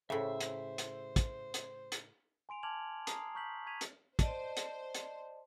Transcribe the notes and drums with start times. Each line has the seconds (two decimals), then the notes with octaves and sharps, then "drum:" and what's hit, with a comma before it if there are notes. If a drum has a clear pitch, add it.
0.10 A2 C#3 C5 E5 E6
0.41 drum: hi-hat
0.78 drum: hi-hat
1.16 drum: kick, hi-hat
1.54 drum: hi-hat
1.92 drum: hi-hat
2.49 G#5 C6 D7 F7
2.63 A5 D6 F6 G#6 F7 F#7
3.07 A5 A#5 D#6 C7, drum: hi-hat
3.35 A#5 C#6 F6 G6 B6 F#7
3.66 C#6 G#6 B6 D#7 F7
3.81 drum: hi-hat
4.19 C5 D5 D#5 A5, drum: kick, hi-hat
4.57 drum: hi-hat
4.95 drum: hi-hat